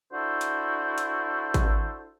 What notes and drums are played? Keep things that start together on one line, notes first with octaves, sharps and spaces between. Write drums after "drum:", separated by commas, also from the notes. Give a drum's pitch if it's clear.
D4 E4 F#4 A4 C5
drum: hi-hat
drum: hi-hat
drum: kick G#1, hi-hat